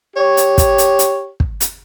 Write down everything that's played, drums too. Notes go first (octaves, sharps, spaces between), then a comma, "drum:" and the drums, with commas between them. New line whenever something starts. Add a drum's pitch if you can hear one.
G4 C#5
drum: hi-hat
drum: kick, hi-hat
drum: hi-hat
drum: hi-hat
drum: kick
drum: hi-hat